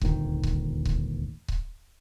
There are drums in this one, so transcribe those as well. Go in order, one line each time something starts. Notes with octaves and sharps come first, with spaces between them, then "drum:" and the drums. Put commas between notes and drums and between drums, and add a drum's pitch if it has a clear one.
D#1 G#1 D2 D#3, drum: kick C#1
drum: kick C#1
drum: kick C#1
drum: kick C#1